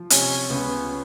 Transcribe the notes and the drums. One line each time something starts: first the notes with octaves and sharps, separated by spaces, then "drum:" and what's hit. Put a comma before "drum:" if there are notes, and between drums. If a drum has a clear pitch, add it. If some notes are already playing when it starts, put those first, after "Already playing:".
Already playing: F3
C3 C#4, drum: hi-hat
C#2 B3